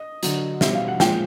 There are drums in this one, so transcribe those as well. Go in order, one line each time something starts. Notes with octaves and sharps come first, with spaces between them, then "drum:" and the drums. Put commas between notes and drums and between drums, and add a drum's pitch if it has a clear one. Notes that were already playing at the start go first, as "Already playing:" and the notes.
Already playing: D#5
D3 F#3, drum: hi-hat
B2 G3 E5, drum: snare
F5
F#5
A#2 F3 G#3 G5, drum: snare